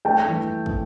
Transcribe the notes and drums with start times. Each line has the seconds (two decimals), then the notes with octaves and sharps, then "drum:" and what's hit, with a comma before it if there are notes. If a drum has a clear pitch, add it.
0.05 A3 G5 A5
0.28 E3
0.66 drum: kick